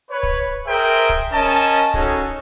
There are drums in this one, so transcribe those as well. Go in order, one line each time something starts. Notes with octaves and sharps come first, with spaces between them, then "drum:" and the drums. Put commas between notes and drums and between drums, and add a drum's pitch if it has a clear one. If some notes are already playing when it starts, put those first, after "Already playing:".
B4 C#5
drum: kick
G#4 A#4 C5 E5 G5
drum: kick
C#4 A#4 D#5 A5
C#4 D#4 F#4 G#4 A4, drum: kick